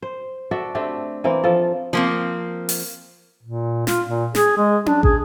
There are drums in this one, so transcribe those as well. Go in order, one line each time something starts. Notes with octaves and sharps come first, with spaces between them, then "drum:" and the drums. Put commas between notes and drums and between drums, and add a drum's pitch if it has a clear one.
C5
F#4 A4 D5 E5
A3 C4 D4 G4
E3 A#3 C4
F3 F4 A4
F3 A#3 C4
drum: open hi-hat
A#2
F4, drum: snare
A#2
G#4, drum: snare
G#3
D4, drum: tom C#4
G#4, drum: kick